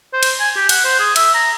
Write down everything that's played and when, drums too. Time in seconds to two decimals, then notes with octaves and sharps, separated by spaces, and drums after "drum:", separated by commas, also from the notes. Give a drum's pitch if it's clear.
0.13 C5
0.23 drum: cymbal
0.40 G#5
0.57 G4
0.69 F#5, drum: cymbal
0.85 C5
1.00 G#4
1.16 E5, drum: cymbal
1.35 A#5